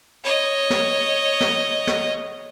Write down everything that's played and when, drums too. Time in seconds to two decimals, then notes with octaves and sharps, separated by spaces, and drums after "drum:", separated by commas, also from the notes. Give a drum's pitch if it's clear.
0.23 C#5 D#5
0.70 drum: snare
1.40 drum: snare
1.87 drum: snare